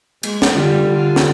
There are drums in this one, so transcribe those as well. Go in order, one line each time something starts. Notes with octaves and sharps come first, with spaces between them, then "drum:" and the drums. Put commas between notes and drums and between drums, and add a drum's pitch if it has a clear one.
G#3, drum: cymbal
drum: snare
D3 G3 F4
D3 F4
drum: snare